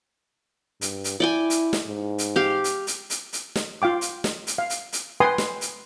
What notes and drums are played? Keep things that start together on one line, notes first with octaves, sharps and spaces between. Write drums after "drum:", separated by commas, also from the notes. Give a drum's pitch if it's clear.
G2, drum: hi-hat
drum: hi-hat
E4 D5 G5 G#5
drum: hi-hat
drum: snare
G#2
drum: hi-hat
G4 F5
drum: hi-hat
drum: hi-hat
drum: hi-hat
drum: hi-hat
drum: snare
F4 F5 G5 D6
drum: hi-hat
drum: snare
drum: hi-hat
F5
drum: hi-hat
drum: hi-hat
B4 G5 G#5 C6 D#6
drum: snare
drum: hi-hat